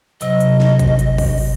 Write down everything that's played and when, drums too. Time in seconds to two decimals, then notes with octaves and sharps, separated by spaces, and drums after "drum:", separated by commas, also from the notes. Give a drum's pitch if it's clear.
0.21 C3 F#3 D#5, drum: hi-hat
0.40 drum: hi-hat
0.60 drum: snare
0.79 drum: kick, hi-hat
0.99 drum: hi-hat
1.18 drum: kick, open hi-hat
1.38 drum: open hi-hat